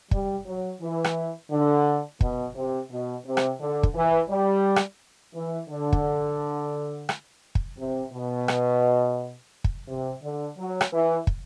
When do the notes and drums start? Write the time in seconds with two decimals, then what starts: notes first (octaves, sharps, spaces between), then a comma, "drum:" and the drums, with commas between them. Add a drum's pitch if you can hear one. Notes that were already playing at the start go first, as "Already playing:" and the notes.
0.11 G3, drum: kick
0.46 F#3
0.81 E3
1.04 drum: rim click
1.51 D3
2.21 B2, drum: kick
2.55 C3
2.91 B2
3.26 C3
3.37 drum: rim click
3.60 D3
3.83 drum: kick
3.95 E3
4.30 G3
4.76 drum: rim click
5.35 E3
5.69 D3
5.93 drum: kick
7.09 drum: rim click
7.55 drum: kick
7.78 C3
8.13 B2
8.48 drum: rim click
9.64 drum: kick
9.88 C3
10.23 D3
10.57 F#3
10.81 drum: rim click
10.92 E3
11.27 drum: kick